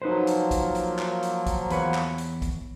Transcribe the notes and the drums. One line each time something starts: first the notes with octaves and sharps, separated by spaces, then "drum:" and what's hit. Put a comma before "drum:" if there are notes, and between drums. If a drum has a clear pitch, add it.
F3 F#3 A#3 D#4 B4 C5
drum: hi-hat
drum: kick, hi-hat
drum: hi-hat
drum: clap
drum: hi-hat
drum: kick, hi-hat
E2 B4 C#5, drum: hi-hat
drum: clap
drum: hi-hat
drum: kick, hi-hat